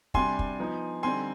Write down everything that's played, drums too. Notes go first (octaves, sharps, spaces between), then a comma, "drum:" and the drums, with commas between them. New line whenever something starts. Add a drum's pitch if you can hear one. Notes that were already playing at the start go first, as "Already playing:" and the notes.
C3 G3 D4 G#5 C6, drum: kick
drum: kick
F3 B3 D#4
D3 G3 C4 D#4 G#5 C6